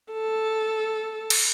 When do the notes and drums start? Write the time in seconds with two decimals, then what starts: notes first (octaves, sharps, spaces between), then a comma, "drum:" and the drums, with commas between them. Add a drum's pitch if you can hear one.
0.12 A4
1.30 drum: cymbal